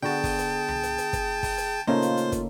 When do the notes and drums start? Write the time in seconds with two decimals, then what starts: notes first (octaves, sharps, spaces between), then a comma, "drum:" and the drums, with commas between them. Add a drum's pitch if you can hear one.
0.02 D3 B3 F#4 G#4 G5 A5
0.24 drum: kick, open hi-hat
0.39 drum: hi-hat
0.68 drum: tom C2
0.83 drum: hi-hat
0.98 drum: hi-hat
1.13 drum: kick, hi-hat
1.43 drum: kick, open hi-hat
1.58 drum: hi-hat
1.87 C#3 A3 A#3 D#4 F4 C5
2.02 drum: hi-hat
2.17 drum: hi-hat
2.32 drum: kick, hi-hat